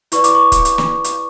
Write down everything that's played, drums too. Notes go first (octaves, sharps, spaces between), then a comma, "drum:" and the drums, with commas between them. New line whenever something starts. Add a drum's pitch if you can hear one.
E4 B4 D5 C#6, drum: hi-hat
D6, drum: hi-hat
C#6
drum: kick, hi-hat
drum: hi-hat
drum: snare
drum: hi-hat